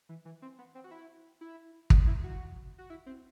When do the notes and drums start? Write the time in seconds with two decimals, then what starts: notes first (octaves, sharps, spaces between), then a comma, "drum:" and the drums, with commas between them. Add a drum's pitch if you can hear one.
0.09 E3
0.25 E3
0.42 C4
0.59 B3
0.75 C4
0.84 F#4
0.91 E4
1.41 E4
1.90 F#4, drum: kick
2.07 E4
2.24 F#4
2.78 F#4
2.90 E4
3.06 C4